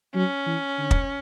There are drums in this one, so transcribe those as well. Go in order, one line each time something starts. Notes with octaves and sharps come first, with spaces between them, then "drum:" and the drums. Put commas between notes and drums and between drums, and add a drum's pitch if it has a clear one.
F#3 C#4
E3
D3
drum: kick